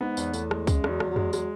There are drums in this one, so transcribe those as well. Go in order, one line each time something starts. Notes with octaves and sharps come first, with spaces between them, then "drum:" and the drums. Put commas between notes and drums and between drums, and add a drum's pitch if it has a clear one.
G#2 B3
E2, drum: tambourine
E2 A2, drum: tambourine
G#3, drum: rim click
C#3 G#3, drum: kick C#2, tambourine
E2, drum: rim click
F#3
E2, drum: rim click
F#3
G#3, drum: tom F2
F#3 G#3, drum: tambourine